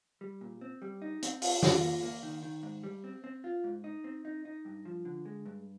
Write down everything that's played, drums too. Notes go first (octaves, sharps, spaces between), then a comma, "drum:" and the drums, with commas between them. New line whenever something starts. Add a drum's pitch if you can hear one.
G3
A#2
C4
G3
D#4
C4, drum: hi-hat
F4, drum: open hi-hat
F4, drum: snare
A#3
A#3
D#3
D#3
G#2
G3
C4
C4
F4
G#2
D#4
C4
D#4
D#4
G2
F3
D3
G#3
G2